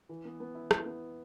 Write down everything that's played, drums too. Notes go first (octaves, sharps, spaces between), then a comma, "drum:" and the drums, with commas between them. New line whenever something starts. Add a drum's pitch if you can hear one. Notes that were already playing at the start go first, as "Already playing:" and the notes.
E3
B3
B3
E4
E3, drum: rim click
B3